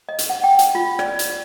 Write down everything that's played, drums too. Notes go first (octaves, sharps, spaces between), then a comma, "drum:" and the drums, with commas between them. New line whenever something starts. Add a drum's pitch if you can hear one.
D#5
drum: hi-hat
F#5
G5
drum: hi-hat
F4
D5, drum: rim click
drum: hi-hat